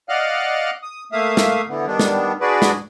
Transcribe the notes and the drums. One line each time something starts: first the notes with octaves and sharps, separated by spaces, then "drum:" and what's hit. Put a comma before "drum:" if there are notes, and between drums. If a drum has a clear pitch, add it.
D5 D#5 F5 F#5 F6 F#6
D#6
A3 A#3 E5 F5 D#6
drum: snare
D3 E3 B3
D#3 G3 B3 D4
drum: snare
D4 F#4 G#4 B4 D5
drum: snare